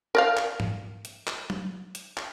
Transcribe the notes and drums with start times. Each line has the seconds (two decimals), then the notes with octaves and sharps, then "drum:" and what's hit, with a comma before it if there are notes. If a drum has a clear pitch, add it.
0.15 A#4 D5 F5
0.37 drum: clap
0.60 drum: tom G#2
1.05 drum: hi-hat
1.27 drum: clap
1.50 drum: tom F#3
1.95 drum: hi-hat
2.17 drum: clap